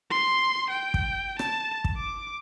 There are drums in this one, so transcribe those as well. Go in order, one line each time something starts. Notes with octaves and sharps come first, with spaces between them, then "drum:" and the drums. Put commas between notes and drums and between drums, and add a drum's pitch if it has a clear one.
C6
G5
drum: kick
A5, drum: rim click
drum: kick
D6